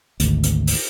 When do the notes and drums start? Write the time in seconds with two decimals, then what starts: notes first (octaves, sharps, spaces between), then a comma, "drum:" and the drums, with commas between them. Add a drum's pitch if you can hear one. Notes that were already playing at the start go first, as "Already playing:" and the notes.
0.20 G#1 D2, drum: hi-hat
0.44 drum: hi-hat
0.67 drum: open hi-hat